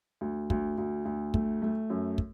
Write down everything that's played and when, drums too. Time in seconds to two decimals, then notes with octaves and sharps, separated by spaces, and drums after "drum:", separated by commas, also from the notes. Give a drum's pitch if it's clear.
0.21 D2
0.50 D2, drum: kick
0.78 D2
1.05 D2
1.34 A3, drum: kick
1.62 A3
1.90 F#2
2.18 drum: kick